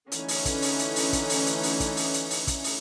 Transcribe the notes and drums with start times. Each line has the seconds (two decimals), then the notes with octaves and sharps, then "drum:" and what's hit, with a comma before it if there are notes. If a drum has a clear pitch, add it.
0.12 D3 E3 A3 C#4 D#4, drum: hi-hat
0.28 drum: open hi-hat
0.45 drum: kick, hi-hat
0.62 drum: open hi-hat
0.79 drum: hi-hat
0.96 drum: open hi-hat
1.13 drum: kick, hi-hat
1.29 drum: open hi-hat
1.46 drum: hi-hat
1.63 drum: open hi-hat
1.80 drum: kick, hi-hat
1.97 drum: open hi-hat
2.14 drum: hi-hat
2.30 drum: open hi-hat
2.47 drum: kick, hi-hat
2.64 drum: open hi-hat